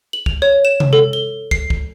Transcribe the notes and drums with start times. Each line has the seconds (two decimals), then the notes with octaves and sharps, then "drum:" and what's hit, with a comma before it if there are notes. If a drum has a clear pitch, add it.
0.13 F#7
0.26 F7, drum: kick
0.42 C#5
0.65 E7
0.80 drum: tom C3
0.93 A4
1.13 G7
1.51 C7, drum: kick
1.70 drum: kick